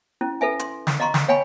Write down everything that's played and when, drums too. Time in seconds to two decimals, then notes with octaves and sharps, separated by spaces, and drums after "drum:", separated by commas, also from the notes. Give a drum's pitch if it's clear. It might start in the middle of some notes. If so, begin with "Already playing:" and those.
0.21 C#4 E4
0.41 A4 B4 E5 G#5
0.59 C6, drum: hi-hat
0.87 drum: snare
1.00 D#5 F5 A#5 C6 C#6
1.14 drum: snare
1.28 C#5 F5 G5 G#5 B5 C#6